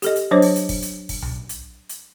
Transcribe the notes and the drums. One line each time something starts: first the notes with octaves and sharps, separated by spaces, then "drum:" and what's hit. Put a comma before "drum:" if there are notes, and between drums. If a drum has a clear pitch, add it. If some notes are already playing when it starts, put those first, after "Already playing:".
G4 A4 D#5, drum: hi-hat
drum: hi-hat
F#3 D4 C5 C#5 D#5 D6
drum: open hi-hat
drum: hi-hat
drum: kick, open hi-hat
drum: hi-hat
drum: kick, open hi-hat
drum: tom B1
drum: hi-hat
drum: hi-hat